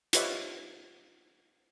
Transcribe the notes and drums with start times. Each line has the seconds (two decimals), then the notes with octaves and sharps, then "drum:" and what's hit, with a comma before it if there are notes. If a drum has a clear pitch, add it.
0.13 F4 G4 B4 C#5 D#5 E5, drum: hi-hat